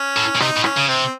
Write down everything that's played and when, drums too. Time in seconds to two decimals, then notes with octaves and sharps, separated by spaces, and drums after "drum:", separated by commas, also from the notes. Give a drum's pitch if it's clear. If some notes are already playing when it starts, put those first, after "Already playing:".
Already playing: C#4
0.17 A2
0.35 A#2
0.40 C3 D#4, drum: rim click
0.57 A2
0.64 C#4, drum: rim click
0.77 C#3
0.88 C3 C4